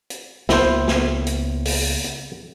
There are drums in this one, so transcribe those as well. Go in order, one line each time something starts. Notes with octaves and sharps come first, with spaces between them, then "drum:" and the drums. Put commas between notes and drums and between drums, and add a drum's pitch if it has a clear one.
drum: hi-hat
C#2 A#3 B3 E4 C5, drum: snare
drum: snare
drum: hi-hat
drum: open hi-hat
drum: hi-hat